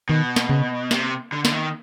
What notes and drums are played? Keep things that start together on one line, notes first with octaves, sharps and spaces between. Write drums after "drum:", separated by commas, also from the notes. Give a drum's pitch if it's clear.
B2 D#3
drum: snare
C#3
C3, drum: snare
D3
D3, drum: snare
D#3